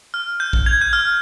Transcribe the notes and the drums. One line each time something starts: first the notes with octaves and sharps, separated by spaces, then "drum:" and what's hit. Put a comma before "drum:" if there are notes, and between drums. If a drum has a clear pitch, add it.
F6
G6
drum: kick A#1
G#6
G6
F6